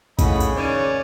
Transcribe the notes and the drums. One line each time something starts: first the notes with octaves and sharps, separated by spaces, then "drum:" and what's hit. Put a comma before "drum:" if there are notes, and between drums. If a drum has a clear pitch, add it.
A2 C#3 E3 D#5 F#5 B5, drum: kick A1, tambourine
drum: tambourine
D#3 C#4 D5 D#7